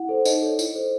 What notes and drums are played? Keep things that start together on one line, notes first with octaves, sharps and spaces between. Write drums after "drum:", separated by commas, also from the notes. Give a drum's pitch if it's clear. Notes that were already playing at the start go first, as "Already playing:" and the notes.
Already playing: E4 F#5
A4 C5
D#4 D#5, drum: tambourine
A4 C#5
E4, drum: tambourine
A4 C5